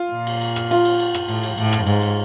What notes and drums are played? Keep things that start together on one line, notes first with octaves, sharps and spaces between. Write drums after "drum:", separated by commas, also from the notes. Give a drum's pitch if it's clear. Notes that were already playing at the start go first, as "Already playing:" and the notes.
Already playing: F4
A#2
drum: cymbal
drum: cymbal
drum: rim click
F4, drum: cymbal
drum: cymbal
drum: cymbal
drum: rim click
A2, drum: cymbal
drum: cymbal
A2, drum: cymbal
drum: rim click
G#2, drum: cymbal
drum: cymbal